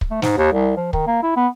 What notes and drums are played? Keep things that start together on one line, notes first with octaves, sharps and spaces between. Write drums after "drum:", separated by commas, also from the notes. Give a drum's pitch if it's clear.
drum: kick
A3
G#2, drum: snare
D#2
C2
F3
D#3, drum: kick
A#3
E4
B3